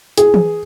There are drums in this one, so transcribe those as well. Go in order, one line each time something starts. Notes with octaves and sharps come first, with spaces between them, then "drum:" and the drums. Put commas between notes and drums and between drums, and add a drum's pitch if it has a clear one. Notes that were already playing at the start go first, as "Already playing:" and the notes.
G#4, drum: hi-hat
drum: tom E3